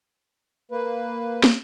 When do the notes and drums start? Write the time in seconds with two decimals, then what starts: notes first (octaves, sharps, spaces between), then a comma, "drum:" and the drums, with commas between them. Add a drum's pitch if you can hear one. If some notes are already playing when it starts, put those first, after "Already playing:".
0.71 A#3 B4
1.44 drum: snare